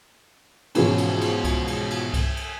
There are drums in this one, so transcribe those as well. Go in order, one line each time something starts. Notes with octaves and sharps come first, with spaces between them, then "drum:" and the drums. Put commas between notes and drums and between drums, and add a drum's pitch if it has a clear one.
G#2 B2 E3 F3 G#3 C#4, drum: cymbal
drum: cymbal
drum: cymbal
drum: kick C2, cymbal
drum: cymbal
drum: cymbal
drum: kick C2, cymbal
drum: cymbal